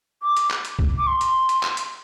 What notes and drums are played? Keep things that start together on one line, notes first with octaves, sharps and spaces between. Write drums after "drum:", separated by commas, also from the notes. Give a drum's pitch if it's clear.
D6
drum: hi-hat
drum: clap
drum: hi-hat
drum: kick C2
D6
C6
drum: hi-hat
drum: hi-hat
drum: clap
drum: hi-hat